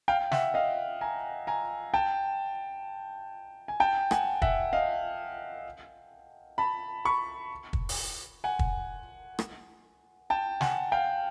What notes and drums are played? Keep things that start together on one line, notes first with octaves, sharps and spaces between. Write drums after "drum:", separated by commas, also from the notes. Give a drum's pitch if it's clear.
F5 G5
E5 F#5, drum: snare
D#5 F5
G#5 A#5
G#5 A#5
G5 A5
G#5
G5 A5
F#5 G#5, drum: rim click
E5 F#5, drum: kick
D#5 F5
A5 B5
B5 C#6
drum: kick
drum: open hi-hat
F#5 G#5
drum: kick
drum: rim click
G5 A5
F#5 G#5, drum: snare
F5 G5